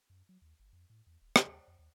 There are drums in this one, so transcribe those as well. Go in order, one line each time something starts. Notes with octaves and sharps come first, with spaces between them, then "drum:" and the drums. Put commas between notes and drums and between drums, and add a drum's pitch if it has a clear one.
F#2
F#3
D#2
G1
F2
A2
E2
D#1
F3, drum: rim click
D#2
F2
D#2